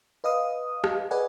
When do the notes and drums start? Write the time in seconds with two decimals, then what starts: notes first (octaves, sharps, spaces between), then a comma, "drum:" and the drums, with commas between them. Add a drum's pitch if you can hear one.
0.24 B4 D#5 F5 D#6
0.84 drum: rim click
1.11 G#4 B4 D5 D#5 F#5 G#5